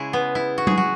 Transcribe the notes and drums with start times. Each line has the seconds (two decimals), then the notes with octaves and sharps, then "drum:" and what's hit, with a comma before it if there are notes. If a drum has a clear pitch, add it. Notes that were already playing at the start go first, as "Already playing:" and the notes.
Already playing: C#3 G#3 E4 G#4
0.13 B3
0.35 E4
0.58 F#4
0.67 G#4, drum: tom F#3
0.77 F#4